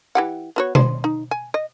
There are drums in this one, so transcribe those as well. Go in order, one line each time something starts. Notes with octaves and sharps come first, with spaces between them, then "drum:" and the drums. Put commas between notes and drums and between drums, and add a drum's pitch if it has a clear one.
E3 G4 F#5
B3 F#4 C#5
C5, drum: tom B2
D#4
G#5
D#5